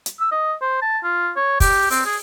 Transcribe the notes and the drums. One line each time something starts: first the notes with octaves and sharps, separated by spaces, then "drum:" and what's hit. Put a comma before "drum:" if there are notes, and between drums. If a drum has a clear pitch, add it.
drum: hi-hat
E6
D#5
C5
A5
F4
C#5
G4, drum: kick, open hi-hat
C4, drum: open hi-hat
G#4